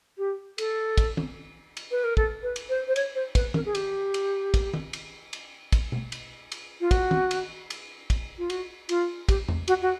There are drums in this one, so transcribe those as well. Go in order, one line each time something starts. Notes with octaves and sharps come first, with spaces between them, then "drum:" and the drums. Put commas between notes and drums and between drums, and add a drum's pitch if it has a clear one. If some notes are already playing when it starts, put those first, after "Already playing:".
G4
A4, drum: cymbal
drum: kick, cymbal
drum: tom
drum: cymbal
B4
A#4
A4, drum: kick
B4
drum: cymbal
C5
C5
C#5, drum: cymbal
C5
B4, drum: kick, cymbal
A#4, drum: tom
G#4
G4, drum: cymbal
drum: cymbal
drum: kick, cymbal
drum: tom D#3
drum: cymbal
drum: cymbal
drum: kick, cymbal
drum: tom B2
drum: cymbal
drum: cymbal
F4
F#4, drum: kick, cymbal
drum: tom
drum: cymbal
drum: cymbal
drum: kick, cymbal
F4
F#4, drum: cymbal
F4, drum: cymbal
G4, drum: kick, cymbal
drum: tom E2
F#4, drum: cymbal
F#4